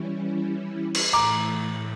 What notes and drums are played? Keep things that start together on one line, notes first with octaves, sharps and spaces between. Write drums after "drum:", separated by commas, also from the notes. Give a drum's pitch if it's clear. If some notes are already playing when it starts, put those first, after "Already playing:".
Already playing: E3 G3 C#4 E4
drum: cymbal
A2 E3 A3 A#5 D6